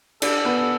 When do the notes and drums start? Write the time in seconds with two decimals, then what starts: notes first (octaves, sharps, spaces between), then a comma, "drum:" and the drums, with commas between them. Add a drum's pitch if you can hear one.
0.22 D4 A4, drum: cymbal
0.45 B3
0.57 A4